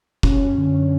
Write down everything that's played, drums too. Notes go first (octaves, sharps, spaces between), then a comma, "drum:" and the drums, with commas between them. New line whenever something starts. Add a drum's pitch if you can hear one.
C#4, drum: kick
F#2
D3
C#4